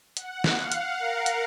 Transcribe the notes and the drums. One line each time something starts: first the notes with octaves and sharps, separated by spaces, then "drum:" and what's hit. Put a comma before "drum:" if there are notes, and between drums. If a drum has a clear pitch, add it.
F#5, drum: hi-hat
drum: snare
F5
drum: hi-hat
A#4
drum: hi-hat